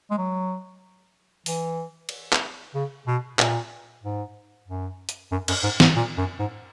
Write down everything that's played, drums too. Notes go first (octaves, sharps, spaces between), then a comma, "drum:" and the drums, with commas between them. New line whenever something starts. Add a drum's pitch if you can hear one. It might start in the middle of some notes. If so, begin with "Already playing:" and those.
G#3
F#3
E3, drum: open hi-hat
drum: cymbal
drum: clap
C#3
B2
A#2, drum: clap
G#2
F#2
drum: hi-hat
F#2
F#2, drum: cymbal
G#2
G#2, drum: snare
A#2
F#2
G#2